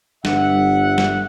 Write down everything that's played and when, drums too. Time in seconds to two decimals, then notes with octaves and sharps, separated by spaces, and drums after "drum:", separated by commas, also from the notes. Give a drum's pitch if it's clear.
0.25 G1 G2 E5 F#5, drum: snare
0.98 drum: snare